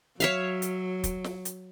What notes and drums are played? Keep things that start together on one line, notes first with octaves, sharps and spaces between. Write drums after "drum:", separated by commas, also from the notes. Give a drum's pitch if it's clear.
F#3 C#5 E5 F5, drum: hi-hat
drum: hi-hat
drum: kick, hi-hat
drum: snare
drum: hi-hat